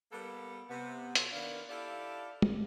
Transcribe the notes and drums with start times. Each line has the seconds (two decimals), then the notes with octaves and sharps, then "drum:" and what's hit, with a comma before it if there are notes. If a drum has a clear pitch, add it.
0.12 G3 A#3 B3 A4
0.70 C3 B3
1.15 F4 F#4 A4 B4 C#5, drum: hi-hat
1.33 D#3 A#3 B3 D4 F5
1.69 E4 G4 A4 D5 F5
2.42 drum: tom